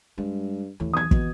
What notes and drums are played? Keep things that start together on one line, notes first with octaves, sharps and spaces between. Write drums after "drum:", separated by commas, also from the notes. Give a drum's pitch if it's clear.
G2 G#3
D#2 A2 E3
B1 D#6 G#6
B2, drum: kick